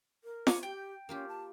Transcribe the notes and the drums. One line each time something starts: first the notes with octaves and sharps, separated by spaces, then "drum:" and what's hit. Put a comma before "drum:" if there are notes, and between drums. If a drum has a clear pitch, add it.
A#4
C#5 G#5 D6, drum: snare
G4 G5
A#3 C#4 F4 G4
A5